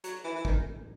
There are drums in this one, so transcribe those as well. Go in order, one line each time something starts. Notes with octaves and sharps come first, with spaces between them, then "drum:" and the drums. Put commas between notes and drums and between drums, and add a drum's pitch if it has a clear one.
F#3, drum: hi-hat
E3
E3
D#3, drum: kick